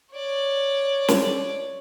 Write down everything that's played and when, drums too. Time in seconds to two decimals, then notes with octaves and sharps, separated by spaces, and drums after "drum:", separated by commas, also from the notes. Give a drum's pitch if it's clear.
0.13 C#5 D5
1.08 drum: snare